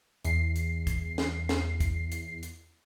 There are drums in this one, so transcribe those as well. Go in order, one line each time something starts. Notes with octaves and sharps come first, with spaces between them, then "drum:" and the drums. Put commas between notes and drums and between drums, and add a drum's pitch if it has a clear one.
E2 C7, drum: hi-hat
drum: hi-hat
drum: kick, hi-hat
drum: snare
drum: snare
drum: kick, hi-hat
drum: hi-hat
drum: hi-hat